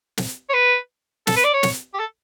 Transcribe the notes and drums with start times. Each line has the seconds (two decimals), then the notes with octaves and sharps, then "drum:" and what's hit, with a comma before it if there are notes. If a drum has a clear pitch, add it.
0.17 drum: snare
0.50 C#5
0.54 B4
1.27 A4, drum: snare
1.36 B4
1.44 D5
1.54 C#5
1.63 drum: snare
1.94 G4
1.99 A4